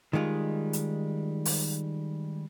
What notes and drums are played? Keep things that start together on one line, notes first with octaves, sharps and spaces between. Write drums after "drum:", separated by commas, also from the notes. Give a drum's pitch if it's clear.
D#3 G3 G#3 F4
drum: hi-hat
drum: open hi-hat